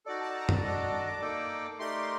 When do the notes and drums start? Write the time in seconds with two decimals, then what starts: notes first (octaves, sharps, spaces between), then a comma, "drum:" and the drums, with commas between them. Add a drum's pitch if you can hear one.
0.06 D#4 F#4 A4 D5
0.20 A5
0.35 A#5
0.49 A#5, drum: tom F#2
0.63 D4 F#4 A4 D#5 D6
0.78 D6
0.93 D6
1.07 D6
1.21 A#3 D#4 A4 D5 G5
1.79 A3 D#4 G4 A#4 D5 C6